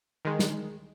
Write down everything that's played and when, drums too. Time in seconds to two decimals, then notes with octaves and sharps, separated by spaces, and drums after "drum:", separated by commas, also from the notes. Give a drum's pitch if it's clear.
0.25 D#3 G#3
0.39 drum: snare